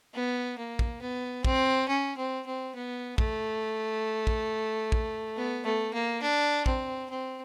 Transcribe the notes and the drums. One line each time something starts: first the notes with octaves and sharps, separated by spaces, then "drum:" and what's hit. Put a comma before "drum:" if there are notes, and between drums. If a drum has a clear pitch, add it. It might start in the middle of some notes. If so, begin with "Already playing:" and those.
B3
A#3
drum: kick
B3
C4, drum: kick
C#4
C4
C4
B3
A3, drum: kick
drum: kick
drum: kick
B3
A3
A#3
D4
C4, drum: kick
C4